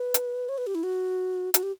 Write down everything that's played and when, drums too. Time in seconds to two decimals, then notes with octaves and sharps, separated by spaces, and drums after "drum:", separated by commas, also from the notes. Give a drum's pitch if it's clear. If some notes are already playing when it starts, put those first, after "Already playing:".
Already playing: B4
0.14 drum: hi-hat
0.49 C#5
0.58 B4
0.67 G4
0.75 E4
0.83 F#4
1.54 F#4, drum: hi-hat
1.63 G4